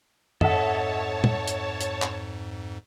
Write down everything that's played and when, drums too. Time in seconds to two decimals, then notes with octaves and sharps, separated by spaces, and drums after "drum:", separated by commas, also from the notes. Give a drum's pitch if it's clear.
0.41 F2 G#2 A4 C#5 D#5 E5 F#5 A5, drum: tom
1.24 drum: tom
1.48 drum: hi-hat
1.81 drum: hi-hat
2.02 drum: clap